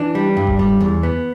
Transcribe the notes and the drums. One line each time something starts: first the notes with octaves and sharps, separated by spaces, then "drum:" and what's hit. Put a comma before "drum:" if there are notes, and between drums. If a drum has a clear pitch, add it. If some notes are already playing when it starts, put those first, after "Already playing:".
Already playing: E3 D4
G3
G2
drum: kick E1
G3
E2
B3